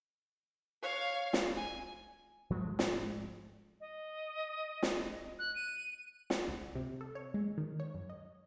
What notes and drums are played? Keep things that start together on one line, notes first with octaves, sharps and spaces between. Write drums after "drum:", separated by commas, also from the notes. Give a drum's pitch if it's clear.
C#5 F5
drum: snare
G#5
G#2 F3 G#3 A3
drum: snare
D#5
drum: snare
F#6
D#7
F#5, drum: snare
C#2
C3
A4
C#5
G#3
D#3
C#5
F#2
D#5